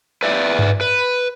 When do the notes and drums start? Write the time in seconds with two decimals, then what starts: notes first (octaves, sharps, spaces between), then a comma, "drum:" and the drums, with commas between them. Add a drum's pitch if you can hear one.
0.23 B4 D5 E5
0.59 drum: tom G2
0.81 B4